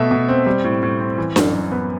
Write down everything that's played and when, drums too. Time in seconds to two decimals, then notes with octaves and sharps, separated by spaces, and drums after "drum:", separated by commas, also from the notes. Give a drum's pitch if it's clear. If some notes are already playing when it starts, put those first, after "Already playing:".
Already playing: B2 A3 E5
0.11 B2
0.28 C4
0.46 G3
0.64 A2
0.83 A2
1.00 C4
1.18 E3
1.36 F#2, drum: snare D4
1.54 F#2
1.72 B3